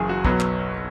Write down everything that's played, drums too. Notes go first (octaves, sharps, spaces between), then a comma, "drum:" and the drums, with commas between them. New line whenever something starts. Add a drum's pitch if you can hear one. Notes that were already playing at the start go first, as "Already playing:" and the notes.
Already playing: F#1 F#2 E3 G#4
F#4
B1 B2 F#3 B3, drum: kick
drum: clap